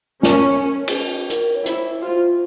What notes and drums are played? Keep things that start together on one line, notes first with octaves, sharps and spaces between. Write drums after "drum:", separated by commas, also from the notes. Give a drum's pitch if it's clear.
C#4 A#4, drum: snare
drum: cymbal
A#4, drum: hi-hat
C#5
E4 C5, drum: hi-hat
F4 C5